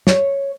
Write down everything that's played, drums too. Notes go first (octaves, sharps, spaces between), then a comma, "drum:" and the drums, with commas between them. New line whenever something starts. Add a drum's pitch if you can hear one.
C#5, drum: snare